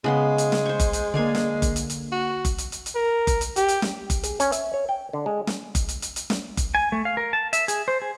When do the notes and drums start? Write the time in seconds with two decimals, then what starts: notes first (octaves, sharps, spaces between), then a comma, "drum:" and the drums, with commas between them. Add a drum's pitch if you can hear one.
0.04 C#3 G#3 B3 C6
0.38 drum: hi-hat
0.52 drum: snare
0.65 C5 C#6 G6
0.80 drum: kick F#1, hi-hat
0.93 drum: hi-hat
1.14 D3 A#3 D5 F5 G#5
1.35 drum: snare
1.62 drum: kick F#1, hi-hat
1.76 drum: hi-hat
1.90 drum: hi-hat
2.12 F#4
2.45 drum: kick F#1, hi-hat
2.58 drum: hi-hat
2.72 drum: hi-hat
2.86 drum: hi-hat
2.95 A#4
3.27 drum: kick F#1, hi-hat
3.41 drum: hi-hat
3.56 G4, drum: hi-hat
3.68 drum: hi-hat
3.82 drum: snare
4.10 drum: kick F#1, hi-hat
4.23 G#4, drum: hi-hat
4.40 C#4, drum: hi-hat
4.52 E5, drum: hi-hat
4.74 C#5
4.89 G5
5.13 D3
5.26 G#3
5.47 drum: snare
5.75 drum: kick F#1, hi-hat
5.89 drum: hi-hat
6.02 drum: hi-hat
6.16 drum: hi-hat
6.30 drum: snare
6.57 drum: kick F#1, hi-hat
6.75 G#5
6.92 A3
7.05 F5
7.17 A#4
7.33 A5
7.53 E5, drum: hi-hat
7.68 G#4, drum: hi-hat
7.88 C5
8.02 G#4